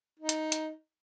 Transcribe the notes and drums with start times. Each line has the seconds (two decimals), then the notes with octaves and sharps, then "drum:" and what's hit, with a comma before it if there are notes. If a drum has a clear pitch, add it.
0.19 D#4
0.29 drum: hi-hat
0.52 drum: hi-hat